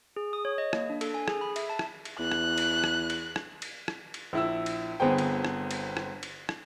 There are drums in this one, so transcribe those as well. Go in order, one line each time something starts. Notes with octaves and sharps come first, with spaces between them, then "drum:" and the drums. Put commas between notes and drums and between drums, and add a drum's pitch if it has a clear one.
G#4
D#6
C#5
D#5
A#3, drum: rim click
D4
A4, drum: cymbal
G#5
G#4, drum: rim click
B5
E5, drum: cymbal
A5
drum: rim click
drum: cymbal
E2 F#6
drum: rim click
drum: cymbal
drum: rim click
drum: cymbal
drum: rim click
drum: cymbal
drum: rim click
drum: cymbal
A#1 E4 E6
drum: cymbal
G1 B3 C4 G#4 C5 G5
drum: cymbal
drum: rim click
drum: cymbal
drum: rim click
drum: cymbal
drum: rim click